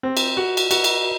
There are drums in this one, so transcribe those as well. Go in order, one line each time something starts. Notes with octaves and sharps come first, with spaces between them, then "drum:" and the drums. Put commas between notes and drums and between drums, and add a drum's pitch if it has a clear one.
C4
drum: cymbal
F#4
drum: cymbal
F#4, drum: cymbal
drum: cymbal